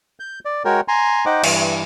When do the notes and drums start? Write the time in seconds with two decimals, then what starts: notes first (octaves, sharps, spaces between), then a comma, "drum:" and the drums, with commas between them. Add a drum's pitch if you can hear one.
0.20 G6
0.45 D5
0.65 G#3 F#4 A#4 C#5 G5
0.88 G#5 A#5 C6
1.26 D#4 C5 D#5 F#5 G5 D6
1.44 G2 E3, drum: cymbal